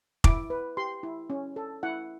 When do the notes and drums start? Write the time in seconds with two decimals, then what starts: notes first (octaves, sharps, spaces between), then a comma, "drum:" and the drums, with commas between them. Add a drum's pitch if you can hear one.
0.24 E4 D6, drum: kick F1
0.50 B4
0.77 G4 C6
1.03 E4
1.30 C#4
1.56 A4
1.83 E4 F#5